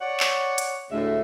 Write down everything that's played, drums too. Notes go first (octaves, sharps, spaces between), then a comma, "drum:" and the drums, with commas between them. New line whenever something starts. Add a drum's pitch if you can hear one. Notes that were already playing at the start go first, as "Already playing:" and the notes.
C#5 D5 F#5
drum: clap
drum: hi-hat
D2 A2 D3 G#3 A3 E5